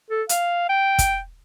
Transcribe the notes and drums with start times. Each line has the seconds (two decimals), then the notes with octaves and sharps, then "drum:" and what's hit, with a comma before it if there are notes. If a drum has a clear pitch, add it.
0.10 A4
0.29 F5, drum: hi-hat
0.69 G5
0.99 drum: kick, hi-hat